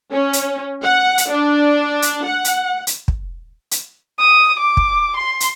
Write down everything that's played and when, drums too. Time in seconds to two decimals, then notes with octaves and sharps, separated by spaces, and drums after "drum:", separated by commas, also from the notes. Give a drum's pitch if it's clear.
0.12 C#4
0.33 drum: hi-hat
0.83 F#5
1.18 drum: hi-hat
1.31 D4
2.02 drum: hi-hat
2.25 F#5
2.45 drum: hi-hat
2.87 drum: hi-hat
3.08 drum: kick
3.71 drum: hi-hat
4.19 D#6
4.59 D6
4.77 drum: kick
5.16 C6
5.40 drum: hi-hat